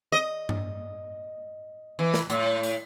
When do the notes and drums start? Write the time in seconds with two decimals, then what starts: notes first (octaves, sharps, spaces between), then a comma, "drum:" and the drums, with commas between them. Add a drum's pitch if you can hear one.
0.12 D#5
0.49 drum: tom G2
1.99 E3
2.14 drum: snare
2.30 A2, drum: hi-hat
2.63 drum: tambourine